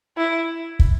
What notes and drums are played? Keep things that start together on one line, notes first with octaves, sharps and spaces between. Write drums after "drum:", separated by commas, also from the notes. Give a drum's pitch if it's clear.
E4
drum: kick